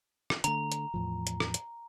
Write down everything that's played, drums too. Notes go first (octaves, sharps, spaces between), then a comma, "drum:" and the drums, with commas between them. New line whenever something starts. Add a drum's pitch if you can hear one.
drum: rim click
D3 A3 A#5, drum: hi-hat
drum: hi-hat
E2 A2 F3
drum: hi-hat
drum: rim click
drum: hi-hat